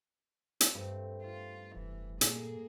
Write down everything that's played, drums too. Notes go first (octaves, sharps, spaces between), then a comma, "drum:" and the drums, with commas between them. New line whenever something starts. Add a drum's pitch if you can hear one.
drum: hi-hat
G2 A3 C4
F4
F1 E3
A#2 A#3 G#4 A4, drum: hi-hat